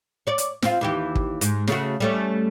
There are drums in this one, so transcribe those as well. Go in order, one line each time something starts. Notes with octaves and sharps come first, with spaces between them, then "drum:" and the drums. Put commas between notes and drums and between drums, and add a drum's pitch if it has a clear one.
C#5 D5
drum: hi-hat
C4 F4, drum: snare
D#2 E3 G4
drum: kick
G#2, drum: hi-hat
C#3 A3 F#4, drum: snare
G3 A3 C#4